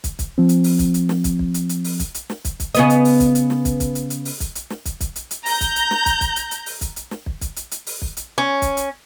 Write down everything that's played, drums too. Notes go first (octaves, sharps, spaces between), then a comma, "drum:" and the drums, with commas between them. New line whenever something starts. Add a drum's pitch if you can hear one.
drum: kick, hi-hat
drum: kick, hi-hat
F3 C4
drum: hi-hat
drum: open hi-hat
drum: kick, hi-hat
drum: hi-hat
drum: snare
drum: kick, hi-hat
drum: kick
drum: hi-hat
drum: hi-hat
drum: open hi-hat
drum: kick, hi-hat
drum: hi-hat
drum: snare
drum: kick, hi-hat
drum: kick, hi-hat
C#3 B3 D#5, drum: hi-hat
drum: hi-hat
drum: open hi-hat
drum: kick, hi-hat
drum: hi-hat
drum: snare
drum: kick, hi-hat
drum: kick, hi-hat
drum: hi-hat
drum: hi-hat
drum: open hi-hat
drum: kick, hi-hat
drum: hi-hat
drum: snare
drum: kick, hi-hat
drum: kick, hi-hat
drum: hi-hat
drum: hi-hat
A#5 G6, drum: open hi-hat
drum: kick, hi-hat
drum: hi-hat
drum: snare
drum: kick, hi-hat
drum: kick, hi-hat
drum: hi-hat
drum: hi-hat
drum: open hi-hat
drum: kick, hi-hat
drum: hi-hat
drum: snare
drum: kick
drum: kick, hi-hat
drum: hi-hat
drum: hi-hat
drum: open hi-hat
drum: kick
drum: hi-hat
C#4
drum: kick, hi-hat
drum: hi-hat